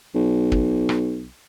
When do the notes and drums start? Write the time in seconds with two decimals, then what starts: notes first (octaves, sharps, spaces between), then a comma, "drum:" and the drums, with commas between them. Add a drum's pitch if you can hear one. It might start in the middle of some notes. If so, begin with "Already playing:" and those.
0.15 B1
0.52 drum: kick
0.89 drum: rim click